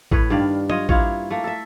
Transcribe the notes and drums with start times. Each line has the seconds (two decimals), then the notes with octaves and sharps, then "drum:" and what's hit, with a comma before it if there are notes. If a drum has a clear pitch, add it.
0.11 A2 B4 C#5, drum: kick A1
0.30 G2 D#3 D5 F5
0.70 F4 C#5 D#5, drum: tom
0.89 A#3 E4 F4 C#5, drum: kick A1
1.30 A3 A#3
1.44 A4 E5